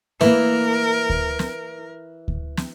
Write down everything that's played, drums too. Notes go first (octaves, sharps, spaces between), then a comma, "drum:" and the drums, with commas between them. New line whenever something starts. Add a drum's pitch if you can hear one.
E3 A#3 E4 A#4, drum: snare
drum: kick D2
drum: snare
drum: kick D2
drum: snare